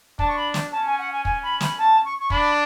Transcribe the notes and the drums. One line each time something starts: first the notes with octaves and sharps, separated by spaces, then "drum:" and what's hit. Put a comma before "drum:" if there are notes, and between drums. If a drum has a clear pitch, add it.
D4 A5, drum: kick
C#6
B5
drum: snare
C#4 A5
G#5
F#5
G#5
G#5, drum: kick
B5
B5, drum: snare
A5
C#6
C#6
D4 B5, drum: kick